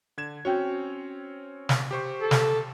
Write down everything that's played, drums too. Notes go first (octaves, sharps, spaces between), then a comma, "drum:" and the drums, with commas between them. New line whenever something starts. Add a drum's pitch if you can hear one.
D3 G#6 E7
C4 C#4 F#4 C#5 G5 G6
drum: snare
G4 C5 C#6
A4
drum: snare